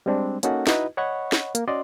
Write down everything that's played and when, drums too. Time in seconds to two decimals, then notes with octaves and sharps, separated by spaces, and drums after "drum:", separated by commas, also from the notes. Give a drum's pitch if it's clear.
0.06 G3 G#3 C4 D4
0.43 A#3 C#4 D#4 F#4 A4 F#5, drum: hi-hat
0.67 D#4 E4 F#4 B4 D#5, drum: snare
0.97 C#5 D#5 F#5 B5 C#6
1.32 drum: snare
1.55 A#3, drum: hi-hat
1.68 C#4 F#4 D5 D#5 C6